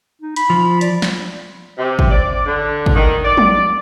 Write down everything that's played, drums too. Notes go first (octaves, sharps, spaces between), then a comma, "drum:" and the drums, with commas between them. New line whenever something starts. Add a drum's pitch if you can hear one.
D#4
B5, drum: hi-hat
F3
D5, drum: hi-hat
drum: snare
C3
drum: kick
D5
D3
drum: kick
D#3
D5
drum: tom